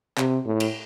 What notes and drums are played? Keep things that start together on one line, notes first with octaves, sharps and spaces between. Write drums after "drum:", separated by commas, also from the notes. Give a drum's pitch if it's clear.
C3, drum: clap
A2
drum: cymbal